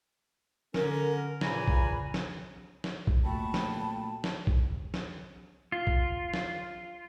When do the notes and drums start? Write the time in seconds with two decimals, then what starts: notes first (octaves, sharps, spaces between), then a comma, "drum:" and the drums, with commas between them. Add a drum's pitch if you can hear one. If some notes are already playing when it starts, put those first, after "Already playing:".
0.74 D3 C#4 A#4, drum: snare
1.41 A#2 C#3 E3 G#5 A#5 B5, drum: snare
1.68 drum: kick B1
2.14 drum: snare
2.84 drum: snare
3.07 drum: kick B1
3.24 A#2 A3 F#4 G5 A5 B5
3.54 drum: snare
4.24 drum: snare
4.47 drum: kick B1
4.94 drum: snare
5.72 F4
5.87 drum: kick B1
6.34 drum: snare